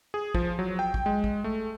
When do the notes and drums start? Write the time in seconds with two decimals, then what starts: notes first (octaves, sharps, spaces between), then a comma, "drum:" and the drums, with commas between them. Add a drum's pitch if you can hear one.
0.14 G#4
0.35 F3, drum: kick
0.59 F#3
0.79 G5
0.94 drum: kick
1.06 G#3
1.24 drum: kick
1.44 A3